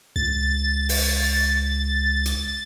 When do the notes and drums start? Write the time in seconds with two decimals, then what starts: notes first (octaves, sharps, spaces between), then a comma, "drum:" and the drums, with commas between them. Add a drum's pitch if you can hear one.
0.16 C#2 A6
0.89 drum: open hi-hat
2.26 drum: hi-hat